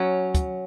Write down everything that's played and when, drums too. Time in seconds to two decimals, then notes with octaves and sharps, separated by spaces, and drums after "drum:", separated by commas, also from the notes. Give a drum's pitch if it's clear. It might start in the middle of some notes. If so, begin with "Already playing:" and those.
Already playing: F#3 C#4
0.35 drum: kick, hi-hat